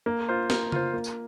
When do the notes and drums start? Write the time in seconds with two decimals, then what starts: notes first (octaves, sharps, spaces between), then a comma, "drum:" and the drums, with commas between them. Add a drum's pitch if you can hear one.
0.06 A#3
0.29 F4 C5
0.50 A#3, drum: snare
0.72 F4 C5, drum: tom C#3
0.93 A#3
1.04 drum: tambourine